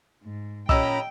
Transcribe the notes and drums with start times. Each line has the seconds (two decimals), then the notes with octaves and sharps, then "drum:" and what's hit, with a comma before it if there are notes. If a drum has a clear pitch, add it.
0.23 G#2
0.69 A#2 C#4 G4 D#5 G5 A#5 B5 E6, drum: kick